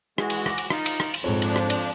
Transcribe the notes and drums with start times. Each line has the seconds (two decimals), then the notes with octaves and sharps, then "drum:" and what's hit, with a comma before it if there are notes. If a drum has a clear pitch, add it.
0.18 E3 G#3 F#4, drum: rim click
0.30 drum: cymbal
0.46 D6 A#6, drum: rim click
0.58 drum: cymbal
0.70 D#4 F4, drum: rim click
0.86 drum: cymbal
1.00 drum: rim click
1.14 drum: cymbal
1.24 F2 G#2 G#4 C#5
1.42 F3 D4, drum: cymbal
1.56 drum: rim click
1.70 drum: cymbal